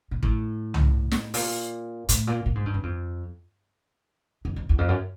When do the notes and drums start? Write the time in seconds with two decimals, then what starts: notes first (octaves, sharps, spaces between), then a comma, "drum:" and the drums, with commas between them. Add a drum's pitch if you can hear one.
0.11 A#2
0.23 A2, drum: kick
0.74 drum: tom C2
1.11 drum: snare
1.34 A#2, drum: open hi-hat
2.09 A2, drum: hi-hat
2.27 A#2
2.46 A#2
2.55 G#2
2.66 G2
2.74 F#2
2.83 F2
4.45 F2
4.56 F2
4.69 E2
4.78 F2
4.89 F#2